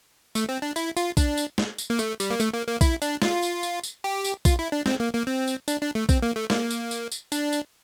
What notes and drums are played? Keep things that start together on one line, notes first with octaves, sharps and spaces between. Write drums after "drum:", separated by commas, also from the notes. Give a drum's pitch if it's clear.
A3, drum: tambourine
C4
D4
E4, drum: tambourine
F4, drum: tambourine
D4, drum: kick A#1, tambourine
drum: tambourine
drum: snare
drum: tambourine
A#3
A3, drum: tambourine
G3, drum: tambourine
A#3
A3, drum: tambourine
A#3
A#3
E4, drum: kick A#1, tambourine
D4, drum: tambourine
F4, drum: snare
drum: tambourine
drum: tambourine
drum: tambourine
G4
drum: tambourine
F4, drum: kick A#1, tambourine
E4
D4
C4, drum: snare
A#3
A#3
C4
drum: tambourine
D4, drum: tambourine
D4
A3
C4, drum: kick A#1, tambourine
A#3
A3
A#3, drum: snare
drum: tambourine
drum: tambourine
drum: tambourine
D4, drum: tambourine
drum: tambourine